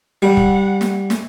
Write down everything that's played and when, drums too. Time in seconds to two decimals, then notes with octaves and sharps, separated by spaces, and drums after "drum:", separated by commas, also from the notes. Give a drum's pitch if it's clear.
0.22 G3 F#5
0.37 drum: kick
0.81 drum: snare
1.10 drum: snare